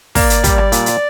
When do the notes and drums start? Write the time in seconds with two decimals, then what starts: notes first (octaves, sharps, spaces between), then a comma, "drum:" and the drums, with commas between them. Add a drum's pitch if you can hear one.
0.15 A#3 D5, drum: kick, open hi-hat
0.30 drum: hi-hat
0.44 G3, drum: kick, hi-hat
0.58 drum: rim click
0.72 A#2, drum: hi-hat
0.86 drum: hi-hat